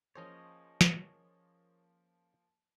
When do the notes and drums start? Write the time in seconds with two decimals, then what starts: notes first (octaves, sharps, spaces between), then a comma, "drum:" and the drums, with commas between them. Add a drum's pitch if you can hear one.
0.15 F3 A#3 C#4 G#4 C5 C#5 D#5
0.81 drum: snare